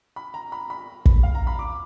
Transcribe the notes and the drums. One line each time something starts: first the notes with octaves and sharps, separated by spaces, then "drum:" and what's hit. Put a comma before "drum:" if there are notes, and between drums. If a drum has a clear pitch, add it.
B5
A#5
B5
B5
drum: kick
F5
A#5
B5
D6